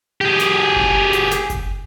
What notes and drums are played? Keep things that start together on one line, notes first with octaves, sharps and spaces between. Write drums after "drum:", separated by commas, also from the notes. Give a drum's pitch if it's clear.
G4 G#4
drum: snare
drum: kick F#1
drum: hi-hat
drum: snare
drum: kick F#1, hi-hat